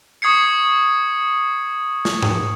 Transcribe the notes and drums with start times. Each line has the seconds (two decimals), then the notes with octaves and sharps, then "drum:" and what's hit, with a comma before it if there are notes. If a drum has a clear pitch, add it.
0.22 C#6 D#6 G#6 C7 C#7
2.05 drum: snare
2.22 drum: tom G#2